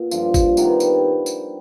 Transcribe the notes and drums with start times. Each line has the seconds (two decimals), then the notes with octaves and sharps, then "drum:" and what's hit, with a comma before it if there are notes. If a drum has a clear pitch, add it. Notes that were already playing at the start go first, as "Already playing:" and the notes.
Already playing: A#2 B3
0.11 G2 D3 F3, drum: tambourine
0.34 drum: kick G1, tambourine
0.57 C3 D#3 G3 B3, drum: tambourine
0.80 drum: tambourine
1.26 drum: tambourine